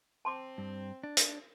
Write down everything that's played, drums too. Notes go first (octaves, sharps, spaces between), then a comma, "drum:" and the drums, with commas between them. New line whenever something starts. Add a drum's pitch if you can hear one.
C4 A5 C6 D6
G2
D4
drum: hi-hat